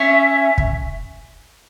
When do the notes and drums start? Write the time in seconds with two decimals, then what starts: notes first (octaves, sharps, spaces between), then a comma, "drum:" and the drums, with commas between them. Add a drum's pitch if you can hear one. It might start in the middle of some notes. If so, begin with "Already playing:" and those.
Already playing: C#4 E5
0.58 drum: kick